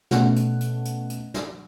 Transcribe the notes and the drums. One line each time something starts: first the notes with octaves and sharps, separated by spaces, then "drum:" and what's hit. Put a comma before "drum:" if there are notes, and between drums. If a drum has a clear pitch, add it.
B2 A3 C#4 F#5, drum: snare
drum: hi-hat
drum: hi-hat
drum: hi-hat
drum: hi-hat
drum: snare